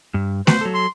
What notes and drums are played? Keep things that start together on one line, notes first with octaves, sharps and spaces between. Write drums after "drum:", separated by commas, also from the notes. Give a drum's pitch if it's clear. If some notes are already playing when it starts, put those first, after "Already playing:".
G2
F#4 B4 C5, drum: snare A3
F#3 A4
C6